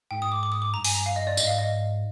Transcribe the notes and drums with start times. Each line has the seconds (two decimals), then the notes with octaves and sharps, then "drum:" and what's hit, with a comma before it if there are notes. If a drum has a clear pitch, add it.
0.11 G#2 G5
0.22 D#6
0.32 D6
0.43 D6
0.52 D#6
0.62 D6
0.74 G2 A#5
0.84 G#5, drum: open hi-hat
0.95 A#5
1.06 F5
1.16 D#5
1.27 D5
1.37 G#2 D#5, drum: tambourine
1.47 F5
1.59 D#5